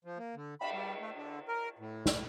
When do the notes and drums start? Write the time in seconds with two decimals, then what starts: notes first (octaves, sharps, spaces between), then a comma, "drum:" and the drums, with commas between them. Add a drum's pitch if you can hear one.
0.05 F3
0.18 A#3
0.35 D3
0.61 B5, drum: cymbal
0.73 G3
1.00 A3
1.14 D3
1.48 A#4
1.79 A2
2.06 drum: snare